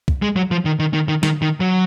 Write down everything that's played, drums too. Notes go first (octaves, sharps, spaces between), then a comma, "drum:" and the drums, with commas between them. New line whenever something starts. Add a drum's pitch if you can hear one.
drum: kick
G#3
F#3
F3
D#3
D#3
D#3
D#3
D#3, drum: snare
D#3
F#3